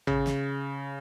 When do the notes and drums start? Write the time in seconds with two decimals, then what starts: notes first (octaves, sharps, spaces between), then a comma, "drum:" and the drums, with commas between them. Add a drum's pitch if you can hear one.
0.07 C#3, drum: tom
0.26 drum: snare